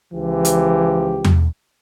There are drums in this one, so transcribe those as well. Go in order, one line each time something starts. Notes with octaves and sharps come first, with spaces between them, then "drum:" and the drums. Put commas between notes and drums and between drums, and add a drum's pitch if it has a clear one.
C#2 E3 F3 G4
drum: hi-hat
drum: tom E2